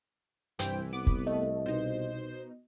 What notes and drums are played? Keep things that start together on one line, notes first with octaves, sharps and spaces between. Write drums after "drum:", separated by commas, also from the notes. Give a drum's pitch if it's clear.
C2 G2 E3 C5 G5, drum: hi-hat
B3 D6
drum: kick
A3 D#5
B2 D#4 C5